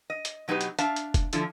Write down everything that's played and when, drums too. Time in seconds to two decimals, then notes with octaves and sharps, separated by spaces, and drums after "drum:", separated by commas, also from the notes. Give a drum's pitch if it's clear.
0.10 D#5
0.25 drum: hi-hat
0.48 B2 F#3 D#4 G4 B4
0.61 drum: hi-hat
0.79 D4 E5 F5 A5, drum: hi-hat
0.96 drum: hi-hat
1.14 drum: kick F1, hi-hat
1.33 D3 F3 E4 A4, drum: hi-hat